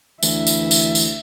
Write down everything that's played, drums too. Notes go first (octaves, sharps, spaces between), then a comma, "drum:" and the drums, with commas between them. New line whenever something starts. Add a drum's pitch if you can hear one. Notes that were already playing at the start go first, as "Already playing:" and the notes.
D2 E3 D4 E4 E5, drum: tambourine
drum: tambourine
drum: tambourine
drum: tambourine